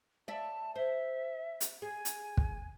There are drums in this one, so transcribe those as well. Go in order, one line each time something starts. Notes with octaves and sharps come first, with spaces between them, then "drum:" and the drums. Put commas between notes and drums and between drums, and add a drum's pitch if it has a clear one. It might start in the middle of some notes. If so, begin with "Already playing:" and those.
D5 E5 A5
C5 E5
drum: hi-hat
G#4 G#5
drum: hi-hat
drum: kick